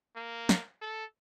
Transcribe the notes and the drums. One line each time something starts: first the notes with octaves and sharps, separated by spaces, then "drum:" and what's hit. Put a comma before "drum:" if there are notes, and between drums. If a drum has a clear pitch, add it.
A#3
drum: snare
A4